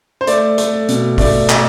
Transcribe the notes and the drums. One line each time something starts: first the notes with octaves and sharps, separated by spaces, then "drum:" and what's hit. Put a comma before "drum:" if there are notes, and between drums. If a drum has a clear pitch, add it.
C5
A3 D5, drum: hi-hat
A3, drum: hi-hat
B2, drum: hi-hat
A3 D5, drum: kick, open hi-hat
A3, drum: clap